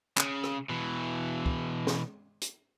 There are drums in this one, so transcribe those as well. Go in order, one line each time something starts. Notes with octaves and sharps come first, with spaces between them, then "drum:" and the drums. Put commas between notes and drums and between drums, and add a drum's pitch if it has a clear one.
C#3, drum: clap
drum: rim click
B2 E3
drum: kick
drum: snare
drum: hi-hat